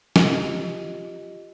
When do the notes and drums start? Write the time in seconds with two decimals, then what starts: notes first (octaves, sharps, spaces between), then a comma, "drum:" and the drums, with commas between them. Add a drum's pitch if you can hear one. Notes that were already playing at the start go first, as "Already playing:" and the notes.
0.16 F4 G4 D#5, drum: snare